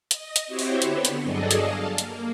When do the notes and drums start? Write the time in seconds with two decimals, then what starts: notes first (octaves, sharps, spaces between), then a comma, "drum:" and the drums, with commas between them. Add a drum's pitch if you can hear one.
0.11 D#5, drum: hi-hat
0.36 drum: hi-hat
0.47 C4 E4 F#4 G4 C5 C#5
0.59 drum: open hi-hat
0.82 D3 B3, drum: hi-hat
1.05 drum: hi-hat
1.23 G2 F#3 G#4 A4 D5 D#5
1.51 drum: hi-hat
1.60 F5 A5
1.98 A#3, drum: hi-hat